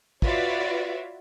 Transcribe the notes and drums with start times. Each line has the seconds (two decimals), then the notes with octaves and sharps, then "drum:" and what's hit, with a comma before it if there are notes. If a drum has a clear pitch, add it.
0.22 F4 F#4 B4 C#5 D5 E5, drum: kick